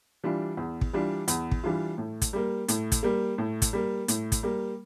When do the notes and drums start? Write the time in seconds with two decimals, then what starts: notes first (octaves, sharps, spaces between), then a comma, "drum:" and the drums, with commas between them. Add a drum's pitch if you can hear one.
0.24 E3 G3 D4 F4
0.57 E2
0.81 drum: kick
0.93 E3 G3 D4 F4
1.28 E2, drum: hi-hat
1.51 drum: kick
1.64 E3 G3 D4 F4
1.98 A2
2.22 drum: kick, hi-hat
2.33 G3 A#3
2.68 A2, drum: hi-hat
2.92 drum: kick, hi-hat
3.03 G3 A#3
3.38 A2
3.62 drum: kick, hi-hat
3.73 G3 A#3
4.08 A2, drum: hi-hat
4.32 drum: kick, hi-hat
4.43 G3 A#3